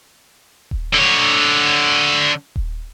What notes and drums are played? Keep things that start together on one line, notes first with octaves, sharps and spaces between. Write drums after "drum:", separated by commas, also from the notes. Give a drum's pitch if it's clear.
drum: kick D#1
D3 C#5
drum: kick D#1